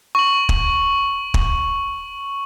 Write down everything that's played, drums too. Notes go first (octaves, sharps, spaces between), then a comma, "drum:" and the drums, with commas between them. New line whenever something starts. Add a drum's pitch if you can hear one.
C#6 F#7
drum: kick
drum: kick